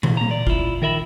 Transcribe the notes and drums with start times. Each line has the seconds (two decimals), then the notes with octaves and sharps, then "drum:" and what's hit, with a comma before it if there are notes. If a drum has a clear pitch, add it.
0.03 E3, drum: tom A#2
0.17 A#3 A#5
0.31 D5
0.47 E4 F4, drum: kick F#1
0.82 D#3 A#4 E5 B5